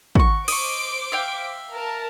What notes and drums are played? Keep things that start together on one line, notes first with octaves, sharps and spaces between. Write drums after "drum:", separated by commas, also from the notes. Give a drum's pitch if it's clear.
F#4 C#6, drum: kick
C5 D#5 C#6 D6 D7, drum: cymbal
E5 F5 G5
A#4 A5